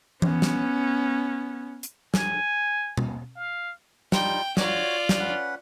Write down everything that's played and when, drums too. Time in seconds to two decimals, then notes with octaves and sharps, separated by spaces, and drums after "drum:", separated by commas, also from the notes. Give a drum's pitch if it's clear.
0.22 B3 C#4, drum: tom E3
0.42 drum: snare
1.83 drum: hi-hat
2.14 G#5, drum: snare
2.97 drum: tom B2
3.36 F5
4.12 G3 D#4 F4 G5, drum: snare
4.57 F4 F#4 C#5 D5, drum: snare
5.09 drum: snare
5.20 C#4 B4 F#5